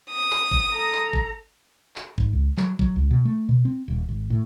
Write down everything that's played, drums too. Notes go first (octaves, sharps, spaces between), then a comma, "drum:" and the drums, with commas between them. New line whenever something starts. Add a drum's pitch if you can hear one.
D#6
drum: clap
drum: kick G#1
A4 A#5
drum: clap
drum: kick G#1
drum: clap
G#2, drum: kick G#1
C#2
F#3, drum: clap
F#3, drum: kick G#1
C#2
B2
A3
B2
C4
D#1
G#1
A2